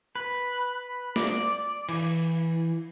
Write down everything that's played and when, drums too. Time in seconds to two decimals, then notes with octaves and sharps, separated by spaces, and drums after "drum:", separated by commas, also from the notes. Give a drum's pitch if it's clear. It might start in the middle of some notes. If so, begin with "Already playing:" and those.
0.15 B4
1.16 D5, drum: snare
1.89 E3, drum: cymbal